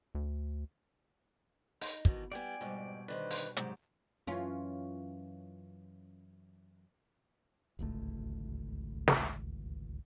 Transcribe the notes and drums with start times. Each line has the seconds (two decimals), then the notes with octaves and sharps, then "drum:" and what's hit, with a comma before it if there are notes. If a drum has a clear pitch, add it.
0.15 D2
1.81 D#4, drum: open hi-hat
2.05 B2 D#3 E3, drum: kick
2.32 G3 B3 D5 G5 G#5
2.61 F2 G#2 B2 G3
3.08 D3 D#3 B4 C5
3.30 drum: open hi-hat
3.56 G#2 C3 F#3 G4, drum: hi-hat
4.27 F#2 E3 C#4 F4
7.79 D1 G#1 C#2 A3
9.08 drum: snare